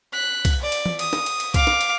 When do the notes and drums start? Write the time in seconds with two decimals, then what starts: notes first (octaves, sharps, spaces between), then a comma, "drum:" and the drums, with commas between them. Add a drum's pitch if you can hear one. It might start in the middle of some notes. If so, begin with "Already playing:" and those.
0.13 F#6 B6
0.45 drum: kick, cymbal
0.62 D5
0.72 drum: cymbal
0.86 drum: tom E3
0.99 D#6, drum: cymbal
1.13 drum: snare
1.26 drum: cymbal
1.40 drum: cymbal
1.54 F5 D6, drum: kick, cymbal
1.67 drum: snare
1.81 drum: cymbal